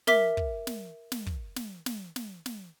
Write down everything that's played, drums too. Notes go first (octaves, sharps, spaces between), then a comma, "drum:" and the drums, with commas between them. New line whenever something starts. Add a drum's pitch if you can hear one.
A#4 E5 D6 B6, drum: snare
drum: kick
drum: snare
drum: snare
drum: kick
drum: snare
drum: snare
drum: snare
drum: snare